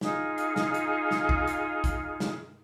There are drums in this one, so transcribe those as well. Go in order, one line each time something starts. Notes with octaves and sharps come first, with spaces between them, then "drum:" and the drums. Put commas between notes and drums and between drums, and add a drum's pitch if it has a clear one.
D#4 F4 G#4, drum: snare
drum: hi-hat
drum: snare
drum: hi-hat
drum: snare
drum: kick
drum: hi-hat
drum: kick, hi-hat
drum: snare